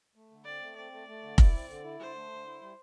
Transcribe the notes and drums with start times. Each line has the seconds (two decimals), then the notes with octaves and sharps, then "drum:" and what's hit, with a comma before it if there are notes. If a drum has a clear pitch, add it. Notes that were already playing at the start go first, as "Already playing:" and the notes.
0.15 A3
0.31 D3
0.46 C4 D5
0.61 A3
0.77 C4 D5
0.92 A3
1.08 A3
1.22 D3
1.38 E4, drum: kick F1
1.54 C4
1.69 D3
1.84 E4
2.00 D3 C5
2.15 A3
2.31 D3
2.46 E4
2.61 G3